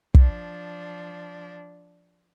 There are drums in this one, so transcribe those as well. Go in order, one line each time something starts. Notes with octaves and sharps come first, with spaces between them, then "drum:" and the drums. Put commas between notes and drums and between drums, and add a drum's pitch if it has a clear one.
F3 D4, drum: kick